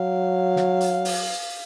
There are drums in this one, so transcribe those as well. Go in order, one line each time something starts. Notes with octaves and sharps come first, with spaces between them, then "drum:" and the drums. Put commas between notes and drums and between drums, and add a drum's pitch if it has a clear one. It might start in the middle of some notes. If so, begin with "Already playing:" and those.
Already playing: F#3 F5
drum: snare
drum: hi-hat
drum: open hi-hat